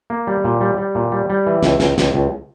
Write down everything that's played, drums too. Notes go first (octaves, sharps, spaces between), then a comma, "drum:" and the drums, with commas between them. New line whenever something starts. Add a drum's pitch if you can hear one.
A#3
G3
A#2
G3
G3
A#2
G3
G3
E3
C#2, drum: snare
C#2, drum: snare
C#2, drum: snare
C#2